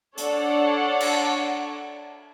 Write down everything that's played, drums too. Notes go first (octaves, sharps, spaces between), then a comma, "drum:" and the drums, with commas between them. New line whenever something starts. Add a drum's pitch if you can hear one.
D4 A4 C#5 D5 F#5, drum: hi-hat
drum: cymbal